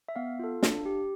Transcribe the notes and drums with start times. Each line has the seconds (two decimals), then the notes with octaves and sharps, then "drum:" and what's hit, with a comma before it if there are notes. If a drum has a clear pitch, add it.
0.09 E5
0.16 B3 F5
0.39 F4 A4
0.63 D4, drum: snare
0.86 G4